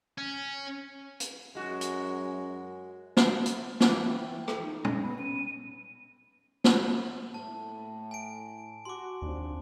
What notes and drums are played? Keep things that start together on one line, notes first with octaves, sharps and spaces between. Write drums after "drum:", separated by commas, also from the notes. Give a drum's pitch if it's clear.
C#4
drum: hi-hat
F#2 G#3 F#4
drum: hi-hat
drum: snare
drum: hi-hat
E3 D6, drum: snare
G5
drum: rim click
D#4
A#6, drum: tom
B3 B5
C#4 D#7
drum: snare
A2 A5
G#5 D7
F#4 C6 D6
D#2 F3 C4 D4